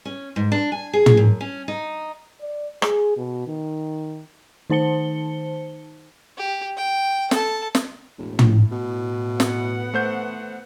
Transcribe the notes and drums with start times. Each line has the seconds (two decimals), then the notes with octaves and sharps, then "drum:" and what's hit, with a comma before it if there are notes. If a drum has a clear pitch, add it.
0.05 C#4
0.36 G#2
0.52 D4
0.72 G#5
0.93 G#4
1.06 drum: tom
1.17 F#2
1.41 C#4
1.68 D#4
2.41 D5
2.82 G#4, drum: rim click
3.17 B2
3.48 D#3
4.70 D#3 D#4 C5 A5 C#7 G7
6.37 G4
6.77 G5
7.31 A4 A5, drum: snare
7.75 drum: snare
8.18 E1 A2
8.39 drum: tom
8.71 B2
9.40 B3 F#5, drum: snare
9.94 A3 C5 G6